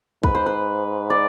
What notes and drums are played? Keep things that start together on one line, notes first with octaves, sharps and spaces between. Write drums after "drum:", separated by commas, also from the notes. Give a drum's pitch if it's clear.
G#2 B4, drum: kick
C5
B4
D5